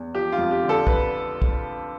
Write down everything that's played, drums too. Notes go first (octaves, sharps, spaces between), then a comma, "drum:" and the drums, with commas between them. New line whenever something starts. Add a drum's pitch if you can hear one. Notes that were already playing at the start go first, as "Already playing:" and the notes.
Already playing: E2
F3 G4
F4
F2
G4
D3
A4
B4, drum: kick
drum: kick